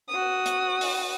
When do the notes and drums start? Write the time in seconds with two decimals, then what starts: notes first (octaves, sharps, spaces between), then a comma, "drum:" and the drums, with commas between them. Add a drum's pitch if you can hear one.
0.10 F#4 D#6
0.46 drum: hi-hat
0.81 drum: open hi-hat